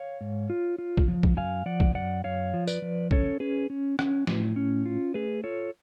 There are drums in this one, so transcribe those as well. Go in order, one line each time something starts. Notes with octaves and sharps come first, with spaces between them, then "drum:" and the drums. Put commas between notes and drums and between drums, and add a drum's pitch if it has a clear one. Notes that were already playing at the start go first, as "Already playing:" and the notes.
Already playing: C#5 F5
G#2
F4
F4
drum: kick
F3
drum: kick
F#2 F5 G#5
F3 D5 F#5
drum: kick
F#2 D5 F#5
F#2 C#5 F5
F3
B4 D5, drum: tambourine
F3
C#4 A4 C#5, drum: kick
C#4 G#4 B4
C#4
C#4, drum: rim click
A2, drum: snare
C#4
F4
A3 G#4 B4
F4 A4 C#5